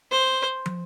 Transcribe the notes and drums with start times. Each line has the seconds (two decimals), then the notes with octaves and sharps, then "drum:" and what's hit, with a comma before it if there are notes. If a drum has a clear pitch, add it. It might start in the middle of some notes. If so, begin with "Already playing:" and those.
0.11 C5
0.66 drum: tom